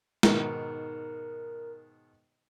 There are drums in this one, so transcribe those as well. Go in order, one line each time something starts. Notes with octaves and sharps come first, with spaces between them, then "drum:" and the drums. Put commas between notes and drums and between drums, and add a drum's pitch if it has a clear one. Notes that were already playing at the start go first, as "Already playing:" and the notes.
G#2 B2 D#3 A#4, drum: snare